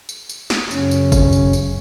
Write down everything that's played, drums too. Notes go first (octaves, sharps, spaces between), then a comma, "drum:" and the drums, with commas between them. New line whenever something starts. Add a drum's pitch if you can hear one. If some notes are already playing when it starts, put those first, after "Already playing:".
drum: tambourine
drum: tambourine
drum: snare
F#2 C#3 C#4, drum: tambourine
drum: tambourine
drum: kick F#1, tambourine
drum: tambourine
drum: tambourine